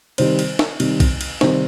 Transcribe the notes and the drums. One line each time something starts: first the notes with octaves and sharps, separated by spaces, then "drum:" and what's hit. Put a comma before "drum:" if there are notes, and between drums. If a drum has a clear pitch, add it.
C3 D#3 G3 C5, drum: cymbal
drum: cymbal
drum: snare
C3 D#3 G3, drum: cymbal
drum: kick A#1, cymbal
drum: cymbal
C3 D#3 G3 C5, drum: snare